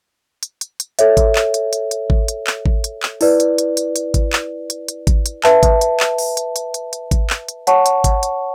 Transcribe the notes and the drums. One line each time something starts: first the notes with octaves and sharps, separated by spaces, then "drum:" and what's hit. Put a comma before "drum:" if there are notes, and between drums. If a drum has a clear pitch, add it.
drum: hi-hat
drum: hi-hat
drum: hi-hat
A4 C#5 E5, drum: hi-hat
drum: kick G#1, hi-hat
drum: clap
drum: hi-hat
drum: hi-hat
drum: hi-hat
drum: kick G#1
drum: hi-hat
drum: clap
drum: kick G#1
drum: hi-hat
drum: clap
E4 B4 D5, drum: open hi-hat
drum: hi-hat
drum: hi-hat
drum: hi-hat
drum: hi-hat
drum: kick G#1, hi-hat
drum: clap
drum: hi-hat
drum: hi-hat
drum: kick G#1, hi-hat
drum: hi-hat
B4 E5 A5, drum: clap
drum: kick G#1, hi-hat
drum: hi-hat
drum: clap
drum: open hi-hat
drum: hi-hat
drum: hi-hat
drum: hi-hat
drum: hi-hat
drum: kick G#1, hi-hat
drum: clap
drum: hi-hat
C#5 F#5 A5 C#6, drum: hi-hat
drum: hi-hat
drum: kick G#1, hi-hat
drum: hi-hat